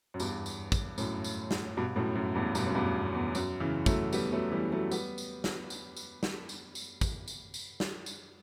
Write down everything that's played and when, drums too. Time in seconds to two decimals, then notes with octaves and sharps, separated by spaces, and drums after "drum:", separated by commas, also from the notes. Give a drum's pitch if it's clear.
0.14 F#2
0.20 E2 G2, drum: tambourine
0.46 drum: tambourine
0.72 drum: kick, tambourine
0.98 F#2 A2, drum: tambourine
1.24 drum: tambourine
1.51 drum: snare
1.77 G2 B2
1.96 F#2 A2
2.16 F#2
2.35 E2 G2
2.55 G2 B2, drum: tambourine
2.67 F#2
2.75 E2 G2
3.15 E2
3.35 F#2, drum: tambourine
3.60 C#3 E3
3.86 F#3 A3, drum: kick, tambourine
4.13 G3 B3, drum: tambourine
4.32 F#3 A3
4.52 E3 G3
4.72 F#3 A3
4.91 G3 B3, drum: tambourine
5.18 drum: tambourine
5.44 drum: snare
5.70 drum: tambourine
5.96 drum: tambourine
6.23 drum: snare
6.49 drum: tambourine
6.75 drum: tambourine
7.01 drum: kick, tambourine
7.28 drum: tambourine
7.54 drum: tambourine
7.80 drum: snare
8.06 drum: tambourine